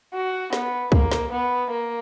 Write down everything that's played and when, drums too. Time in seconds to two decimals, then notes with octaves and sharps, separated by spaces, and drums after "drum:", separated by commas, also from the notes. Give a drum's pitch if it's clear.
0.14 F#4
0.53 B3, drum: snare
0.92 A#3, drum: kick
1.12 drum: snare
1.31 B3
1.71 A#3